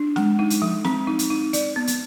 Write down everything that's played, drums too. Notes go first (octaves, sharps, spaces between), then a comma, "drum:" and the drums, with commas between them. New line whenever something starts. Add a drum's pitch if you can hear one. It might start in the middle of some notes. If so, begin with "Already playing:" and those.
Already playing: D4
G#3, drum: snare
D#4
drum: hi-hat
F3
C4, drum: snare
D#4
drum: hi-hat
D#4
D5, drum: hi-hat
B3
drum: hi-hat